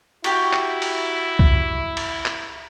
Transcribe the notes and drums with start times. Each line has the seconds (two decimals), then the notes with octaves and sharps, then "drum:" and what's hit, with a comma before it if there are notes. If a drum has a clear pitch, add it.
0.24 E4 F#4 G4, drum: cymbal
0.53 drum: clap
0.82 drum: cymbal
1.39 drum: kick C2
1.97 drum: cymbal
2.26 drum: clap